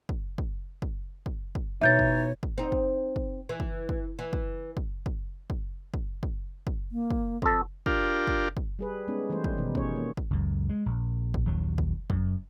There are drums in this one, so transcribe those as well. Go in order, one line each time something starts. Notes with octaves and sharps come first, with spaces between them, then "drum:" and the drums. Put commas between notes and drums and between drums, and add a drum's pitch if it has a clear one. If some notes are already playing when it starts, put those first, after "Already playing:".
drum: kick
drum: kick
drum: kick
drum: kick
drum: kick
B2 E3 D#4 C#5 E5 G6 A6
drum: kick
drum: kick
C4 D#4
drum: kick
drum: kick
E3
drum: kick
drum: kick
E3
drum: kick
drum: kick
drum: kick
drum: kick
drum: kick
drum: kick
drum: kick
A#3
drum: kick
F2 A4, drum: kick
D4 F4 G4 A#4, drum: kick
drum: kick
drum: kick
G3 G#4 B4
G#3 B3 C#4 D#4
E3 G3 A3 B4 C5
drum: kick
B2 D#3 D#4
C#4 C#5, drum: kick
A#3
drum: kick
C#2 F#2
G#3
A#1
drum: kick
A#1 D#2 F#3
drum: kick
F#2, drum: kick